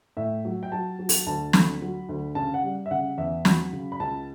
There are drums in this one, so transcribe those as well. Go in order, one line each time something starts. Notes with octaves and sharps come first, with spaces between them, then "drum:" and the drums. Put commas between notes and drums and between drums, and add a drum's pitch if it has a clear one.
A2 E5
F#3
G5
F#3 A5
F#3
drum: open hi-hat
D2 A5
D2 B5, drum: snare
F#3
D2
C#3 A5
F#5
G3
E5
C#3 F#5
E2 E5
F#3 B5, drum: snare
C#3
B5
C#2 A5